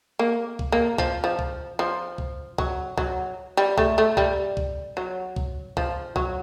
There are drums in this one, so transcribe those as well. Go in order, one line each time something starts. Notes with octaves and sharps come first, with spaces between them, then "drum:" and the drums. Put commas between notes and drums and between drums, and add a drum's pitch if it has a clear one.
A#3
drum: kick B1
A#3
F3, drum: kick B1
F3
drum: kick B1
F3
drum: kick B1
F#3, drum: kick B1
F#3, drum: kick B1
G3
A3, drum: kick B1
A3
G3, drum: kick B1
drum: kick B1
F#3
drum: kick B1
F3, drum: kick B1
F#3, drum: kick B1